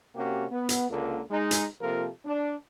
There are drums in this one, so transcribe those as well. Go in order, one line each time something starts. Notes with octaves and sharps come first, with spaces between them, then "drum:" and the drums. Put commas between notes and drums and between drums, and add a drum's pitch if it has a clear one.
C3 A#3 C#4 F#4 G4
B3
drum: hi-hat
C#2 D3 A#3
G#3 D#4 G#4
drum: hi-hat
C3 F3 A#3 F4 A4 A#4
D4